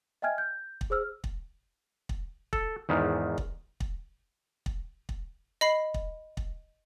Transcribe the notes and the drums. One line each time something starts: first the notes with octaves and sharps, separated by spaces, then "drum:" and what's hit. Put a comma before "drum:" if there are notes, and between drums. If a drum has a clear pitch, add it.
D#5 E5 G5 G#5 F6 G#6
G6
drum: kick
G#4 C5 E6 F6
drum: kick
drum: kick
A4, drum: kick
E2 G#2 D#3
drum: kick
drum: kick
drum: kick
drum: kick
D#5 B5 C7
drum: kick
drum: kick